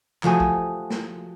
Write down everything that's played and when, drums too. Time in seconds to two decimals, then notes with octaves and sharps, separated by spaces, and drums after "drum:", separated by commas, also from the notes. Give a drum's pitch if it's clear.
0.23 F3 A3 F#4 G4 G#5 D#6, drum: clap
0.40 drum: kick A#1
0.90 drum: snare